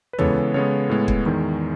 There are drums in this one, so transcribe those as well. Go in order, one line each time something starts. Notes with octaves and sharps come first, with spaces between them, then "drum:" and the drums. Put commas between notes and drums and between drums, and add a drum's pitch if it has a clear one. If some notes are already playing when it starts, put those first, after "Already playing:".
B4
C#3 E3 G#3 B3 A4 C#5, drum: tom
C#3 G#3 B3 A4 C#5
A2 G#3 B3
drum: kick
E2 D#3 G#3